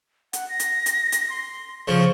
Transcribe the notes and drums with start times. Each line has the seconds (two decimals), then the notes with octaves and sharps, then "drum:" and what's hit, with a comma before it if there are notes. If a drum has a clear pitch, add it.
0.33 F#5, drum: hi-hat
0.49 A#6
0.60 drum: hi-hat
0.86 drum: hi-hat
1.12 drum: hi-hat
1.30 C6
1.88 C#3 F3 C#6